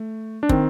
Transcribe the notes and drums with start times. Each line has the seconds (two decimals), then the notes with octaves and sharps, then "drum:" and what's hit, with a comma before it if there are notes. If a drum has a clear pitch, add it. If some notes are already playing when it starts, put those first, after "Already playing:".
Already playing: A3
0.43 D4
0.49 D#3 C4, drum: kick